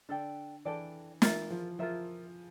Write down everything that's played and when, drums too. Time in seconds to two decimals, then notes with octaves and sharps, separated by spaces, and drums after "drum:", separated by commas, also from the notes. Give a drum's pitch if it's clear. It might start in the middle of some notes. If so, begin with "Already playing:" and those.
0.09 D3 D4 A4 D5 G5
0.65 E3 D4 A4 D5 G5
1.22 E3 F4 A#4 E5, drum: snare
1.50 F3
1.79 F3 F4 A#4 E5